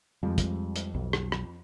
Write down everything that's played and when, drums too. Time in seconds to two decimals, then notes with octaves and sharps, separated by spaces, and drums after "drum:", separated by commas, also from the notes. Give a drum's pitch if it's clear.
0.23 F2 F3 G3 G#3
0.38 drum: kick, hi-hat
0.76 drum: hi-hat
0.94 B1
1.13 drum: rim click
1.32 drum: rim click